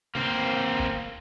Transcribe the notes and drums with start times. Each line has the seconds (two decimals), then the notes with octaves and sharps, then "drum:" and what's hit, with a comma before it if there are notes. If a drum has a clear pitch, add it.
0.15 A#3 C4, drum: tom
0.79 drum: kick